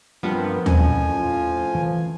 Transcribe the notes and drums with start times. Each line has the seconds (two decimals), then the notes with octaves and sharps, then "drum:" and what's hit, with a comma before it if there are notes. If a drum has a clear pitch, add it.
0.23 G2 F3 B3 C4 A#4
0.66 F2 A2 F3 C#4 F4 G#5, drum: tom D#2
1.75 E3